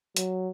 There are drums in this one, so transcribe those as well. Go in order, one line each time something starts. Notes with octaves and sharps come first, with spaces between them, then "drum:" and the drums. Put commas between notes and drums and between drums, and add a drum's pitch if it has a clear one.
F#3, drum: hi-hat